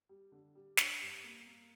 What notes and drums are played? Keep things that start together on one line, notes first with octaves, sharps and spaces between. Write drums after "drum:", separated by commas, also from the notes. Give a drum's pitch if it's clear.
G3
D3
G3
D4, drum: snare
G2
A#3
A#3